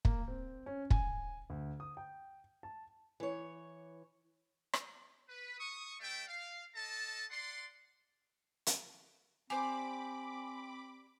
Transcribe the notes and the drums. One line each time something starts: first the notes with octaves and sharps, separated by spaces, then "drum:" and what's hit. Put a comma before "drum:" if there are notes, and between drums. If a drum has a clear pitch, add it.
A#3, drum: kick
C4
C#4
G#5, drum: kick
D2
D#6
G5
A5
E3 C#5
drum: rim click
B4
C#6 D#6
A3 D5 E5 G5
F5
A4 D#5 A5
D5 F#5 C6
drum: hi-hat
C4 G4 C5 D5 G#5 B5 D6